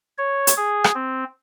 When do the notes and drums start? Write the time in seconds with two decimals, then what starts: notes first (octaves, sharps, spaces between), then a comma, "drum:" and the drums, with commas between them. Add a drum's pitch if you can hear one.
0.18 C#5
0.47 drum: hi-hat
0.57 G#4
0.84 drum: rim click
0.95 C4